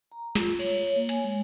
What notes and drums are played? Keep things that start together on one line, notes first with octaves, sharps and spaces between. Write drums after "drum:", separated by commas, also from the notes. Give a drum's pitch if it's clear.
A#5
F4, drum: snare
C#5, drum: cymbal
C#5
A#3
G#5, drum: hi-hat
G#3